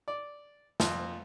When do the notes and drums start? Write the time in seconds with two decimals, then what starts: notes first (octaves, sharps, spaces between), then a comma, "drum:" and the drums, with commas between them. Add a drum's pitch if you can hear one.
0.08 D5
0.80 F2, drum: snare